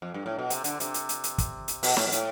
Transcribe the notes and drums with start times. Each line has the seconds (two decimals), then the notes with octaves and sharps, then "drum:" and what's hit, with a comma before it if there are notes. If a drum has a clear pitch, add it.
0.02 F2
0.14 G2
0.26 A2
0.39 B2
0.50 C3, drum: hi-hat
0.64 D3, drum: hi-hat
0.80 C3, drum: hi-hat
0.94 drum: hi-hat
1.09 drum: hi-hat
1.24 drum: hi-hat
1.38 drum: kick, hi-hat
1.68 drum: hi-hat
1.83 B2, drum: open hi-hat
1.97 A2, drum: snare
2.07 B2
2.12 A2, drum: hi-hat